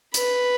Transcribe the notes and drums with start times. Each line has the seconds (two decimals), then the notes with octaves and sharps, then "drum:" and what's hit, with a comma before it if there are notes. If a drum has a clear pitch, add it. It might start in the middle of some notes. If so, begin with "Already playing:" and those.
0.14 B4, drum: hi-hat